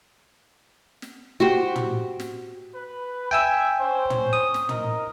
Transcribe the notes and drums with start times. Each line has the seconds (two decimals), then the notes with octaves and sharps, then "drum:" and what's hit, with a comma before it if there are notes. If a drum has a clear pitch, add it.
1.02 drum: snare
1.40 F#4 G4 C5
1.76 drum: tom
2.20 drum: snare
2.75 B4
3.31 E5 G5 G#5 E6
3.81 C#4 C5
4.10 drum: tom
4.33 D#6
4.54 drum: snare
4.69 D#4 A#4 D#5, drum: tom